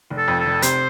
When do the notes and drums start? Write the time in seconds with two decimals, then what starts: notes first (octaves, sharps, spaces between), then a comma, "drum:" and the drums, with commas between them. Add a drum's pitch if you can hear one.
0.11 F1
0.17 A4
0.28 F2
0.40 A4
0.46 F1
0.62 C3 C5, drum: hi-hat